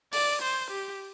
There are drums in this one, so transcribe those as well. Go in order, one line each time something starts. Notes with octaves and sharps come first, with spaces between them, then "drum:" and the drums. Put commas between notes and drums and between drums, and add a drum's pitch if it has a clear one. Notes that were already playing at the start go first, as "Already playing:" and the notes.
D5, drum: open hi-hat
C5
G4